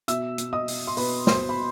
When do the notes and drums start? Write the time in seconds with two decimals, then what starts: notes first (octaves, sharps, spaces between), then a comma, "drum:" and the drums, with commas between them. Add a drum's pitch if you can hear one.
0.08 B2 E5 E6, drum: hi-hat
0.38 B2, drum: hi-hat
0.53 D#5 D#6
0.68 B2, drum: open hi-hat
0.87 C6
0.97 B2 B4 B5, drum: open hi-hat
1.27 B2 C5 C6, drum: snare
1.49 B5